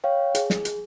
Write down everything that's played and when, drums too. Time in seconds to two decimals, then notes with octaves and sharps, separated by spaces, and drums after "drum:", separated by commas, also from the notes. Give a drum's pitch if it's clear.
0.04 C#5 F5 G5
0.35 G#4, drum: hi-hat
0.50 drum: snare
0.65 drum: hi-hat